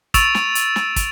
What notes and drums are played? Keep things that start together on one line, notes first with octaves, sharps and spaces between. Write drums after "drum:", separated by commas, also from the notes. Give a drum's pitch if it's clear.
C#6 E6 A6 D7 E7 F7, drum: kick, hi-hat
drum: snare
drum: hi-hat
drum: snare
drum: kick, hi-hat